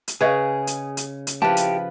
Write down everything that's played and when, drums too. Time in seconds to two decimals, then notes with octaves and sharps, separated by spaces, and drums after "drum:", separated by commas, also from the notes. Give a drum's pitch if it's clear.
0.08 drum: hi-hat
0.21 C#3 G#4 B4 C#5 D#5
0.67 drum: hi-hat
0.97 drum: hi-hat
1.27 drum: hi-hat
1.42 F3 E4 G4 B4 A5
1.57 drum: hi-hat